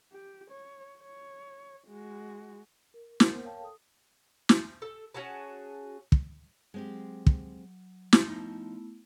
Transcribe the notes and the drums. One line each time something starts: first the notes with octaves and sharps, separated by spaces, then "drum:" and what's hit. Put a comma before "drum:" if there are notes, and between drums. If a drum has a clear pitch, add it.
G4
C#5
C#5
G#3 F#4
A#4
A#3 B3 A#4 C5 F#5, drum: snare
A#4 C#5 F5 G5 A5
A4 D#6
drum: snare
A4
C#4 F#4 G#4 A5
drum: kick
F#3 G#3 C4 G4
drum: kick
C4, drum: snare
F3 A3 B3 D#4 E4